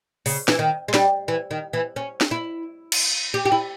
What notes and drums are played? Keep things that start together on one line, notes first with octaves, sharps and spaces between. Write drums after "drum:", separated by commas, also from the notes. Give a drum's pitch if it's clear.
C#3, drum: open hi-hat
E3, drum: snare
D#3
G#3
G3, drum: snare
E3
D#3
E3
C#4
drum: snare
E4
drum: cymbal
G4
G4
E4